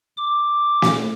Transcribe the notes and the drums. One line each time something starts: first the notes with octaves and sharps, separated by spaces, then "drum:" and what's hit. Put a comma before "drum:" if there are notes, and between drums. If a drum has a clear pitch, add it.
D6
drum: snare